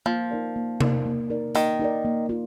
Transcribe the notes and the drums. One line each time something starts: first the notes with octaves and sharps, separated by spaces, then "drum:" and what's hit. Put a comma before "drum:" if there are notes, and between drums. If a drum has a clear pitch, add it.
F3 A#3
D#4 A#4 D5
A#3
D#4 A#4 D5, drum: tom C3
A#3
D#4 A#4 D5
D#3 A#3, drum: hi-hat
D#4 A#4 D5
A#3
F4